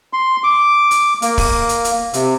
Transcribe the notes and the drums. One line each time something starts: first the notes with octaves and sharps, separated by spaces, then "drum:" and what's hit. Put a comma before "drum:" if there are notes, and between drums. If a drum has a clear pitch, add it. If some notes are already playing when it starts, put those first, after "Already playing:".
C6
D6
drum: hi-hat
A#3, drum: hi-hat
drum: kick, open hi-hat
drum: hi-hat
drum: hi-hat
C3, drum: hi-hat